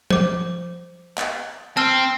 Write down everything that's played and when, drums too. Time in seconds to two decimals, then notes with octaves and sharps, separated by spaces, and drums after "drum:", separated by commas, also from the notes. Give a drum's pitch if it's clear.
0.10 C5 D6, drum: tom F3
1.18 drum: clap
1.77 C4 A5 E6 F6